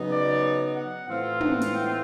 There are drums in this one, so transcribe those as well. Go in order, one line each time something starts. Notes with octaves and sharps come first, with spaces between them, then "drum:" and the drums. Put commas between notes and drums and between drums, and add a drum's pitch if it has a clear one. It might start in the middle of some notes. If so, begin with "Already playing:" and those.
Already playing: C#3 F#3 B3 D#4
D5
F#5
A2 E3 A3 C4 F4 F5
F#5, drum: tom
drum: hi-hat
G5